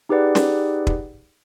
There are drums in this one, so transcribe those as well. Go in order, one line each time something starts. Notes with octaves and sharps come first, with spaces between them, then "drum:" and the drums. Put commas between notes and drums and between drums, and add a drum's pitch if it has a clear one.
D#4 G4 G#4 B4 D5 F#5
drum: snare
drum: kick